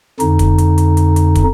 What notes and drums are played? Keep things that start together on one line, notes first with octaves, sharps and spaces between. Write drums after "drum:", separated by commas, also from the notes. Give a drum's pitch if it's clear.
F2 D3 D#4, drum: hi-hat
drum: kick, hi-hat
drum: hi-hat
drum: hi-hat
drum: hi-hat
drum: hi-hat
drum: kick, hi-hat